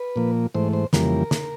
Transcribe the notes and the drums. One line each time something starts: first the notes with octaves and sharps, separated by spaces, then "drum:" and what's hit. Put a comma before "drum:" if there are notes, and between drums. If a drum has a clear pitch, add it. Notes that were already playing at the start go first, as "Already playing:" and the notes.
Already playing: B4
A#2 F3 A#3
G#2 E3 A3 C5
C5
F2 C#3 E3 G3 A#3 A#4, drum: snare
drum: snare